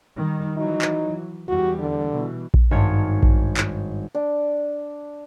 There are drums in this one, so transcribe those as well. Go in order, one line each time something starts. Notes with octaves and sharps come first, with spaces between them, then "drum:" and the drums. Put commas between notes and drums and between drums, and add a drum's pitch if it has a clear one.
D#3 G3
E3 F#3 D#4
drum: clap
E2 G3 F#4
D3
B2 E3
drum: kick A#1
G#1 G2 C#5 G#6
drum: kick A#1
drum: clap
D4